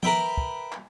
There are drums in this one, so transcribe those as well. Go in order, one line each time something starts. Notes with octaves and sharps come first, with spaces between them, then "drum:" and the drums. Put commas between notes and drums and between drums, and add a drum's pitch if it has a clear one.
A#4 B4 E5 G5, drum: tom F3
drum: kick
drum: clap